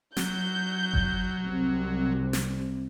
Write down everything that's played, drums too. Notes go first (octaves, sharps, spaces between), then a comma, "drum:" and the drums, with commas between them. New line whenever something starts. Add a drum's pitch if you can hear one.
F#3 G6, drum: snare
drum: kick G1
C2 C3
drum: snare